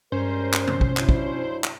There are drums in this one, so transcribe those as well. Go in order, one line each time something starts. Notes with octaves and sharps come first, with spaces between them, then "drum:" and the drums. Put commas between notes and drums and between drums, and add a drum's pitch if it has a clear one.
G2 G3 G#3 C#4 A#4 C5
drum: clap
drum: tom B2
drum: kick
F#3 D4 E4, drum: clap
drum: kick
drum: clap